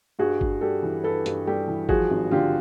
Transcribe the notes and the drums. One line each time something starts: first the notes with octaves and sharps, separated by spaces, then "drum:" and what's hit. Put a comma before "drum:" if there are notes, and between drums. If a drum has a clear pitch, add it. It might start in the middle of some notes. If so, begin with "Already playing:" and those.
G2 F#4 G#4
G2, drum: kick G1
G3 G4 A4
E3
G2 A4 B4
G2, drum: hi-hat
G3 G4 A4
E3
F3 F#4 G#4, drum: kick G1
G#1
D3 F4 G4